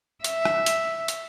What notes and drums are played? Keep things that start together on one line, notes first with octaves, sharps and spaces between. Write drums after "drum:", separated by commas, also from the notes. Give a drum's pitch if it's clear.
E5, drum: hi-hat
drum: rim click
drum: hi-hat
drum: hi-hat